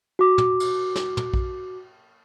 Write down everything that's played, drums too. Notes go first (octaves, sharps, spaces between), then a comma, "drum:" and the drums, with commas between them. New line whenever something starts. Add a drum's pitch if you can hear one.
F#4 D6
drum: tom
drum: cymbal
drum: snare
drum: tom
drum: kick A#1